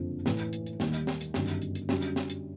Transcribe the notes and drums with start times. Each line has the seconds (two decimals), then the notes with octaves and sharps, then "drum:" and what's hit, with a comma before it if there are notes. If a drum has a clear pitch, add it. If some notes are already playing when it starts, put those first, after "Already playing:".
Already playing: F#1 F2 D3 F3
0.26 A2 E3 A3, drum: snare
0.39 drum: hi-hat
0.53 drum: hi-hat
0.66 drum: hi-hat
0.80 D#2 D#3 G3 A#3, drum: snare
0.94 drum: hi-hat
1.07 drum: snare
1.21 drum: hi-hat
1.34 G1 F#2 D#3 G3, drum: snare
1.48 drum: hi-hat
1.62 drum: hi-hat
1.75 drum: hi-hat
1.89 F#2 D3 G3, drum: snare
2.03 drum: hi-hat
2.16 drum: snare
2.30 drum: hi-hat